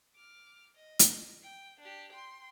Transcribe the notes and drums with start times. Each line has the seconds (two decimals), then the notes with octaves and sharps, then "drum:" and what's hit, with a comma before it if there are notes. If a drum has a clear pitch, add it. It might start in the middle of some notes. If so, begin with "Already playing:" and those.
0.16 D6 F6
0.76 D#5
0.99 drum: hi-hat
1.43 G5
1.80 D4 G4
2.12 G5 C6